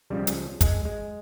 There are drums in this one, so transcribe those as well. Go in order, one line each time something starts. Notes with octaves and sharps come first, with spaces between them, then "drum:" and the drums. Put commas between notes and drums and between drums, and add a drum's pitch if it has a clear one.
C#2 C#3 F3 G3
drum: hi-hat
G#3, drum: kick, hi-hat
G#3